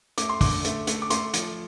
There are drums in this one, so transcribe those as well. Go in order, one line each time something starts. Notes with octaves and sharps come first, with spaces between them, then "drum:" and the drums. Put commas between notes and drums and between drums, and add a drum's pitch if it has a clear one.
A3 D6, drum: hi-hat
C6
D3 D6, drum: kick, open hi-hat
A3, drum: hi-hat
A3, drum: hi-hat
D6
A3 C6, drum: hi-hat
F3, drum: hi-hat